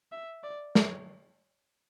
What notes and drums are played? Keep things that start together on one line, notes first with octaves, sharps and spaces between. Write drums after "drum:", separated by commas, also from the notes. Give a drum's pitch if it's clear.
E5
D5
C#5, drum: snare